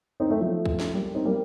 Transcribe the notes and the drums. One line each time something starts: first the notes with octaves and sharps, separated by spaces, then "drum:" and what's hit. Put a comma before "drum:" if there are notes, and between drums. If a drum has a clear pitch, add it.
C4 D#4
A3 C4
F3 A3
drum: kick
drum: snare
G3 A#3
C4 D#4
G3 A#3